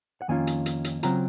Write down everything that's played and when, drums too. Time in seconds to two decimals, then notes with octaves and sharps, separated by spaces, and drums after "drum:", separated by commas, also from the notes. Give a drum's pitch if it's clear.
0.22 F#5
0.28 F2 D#3 A#3 C#4 F4 G#5
0.47 drum: hi-hat
0.66 drum: hi-hat
0.84 drum: hi-hat
1.03 C#3 F#3 C4 F4 A#5, drum: hi-hat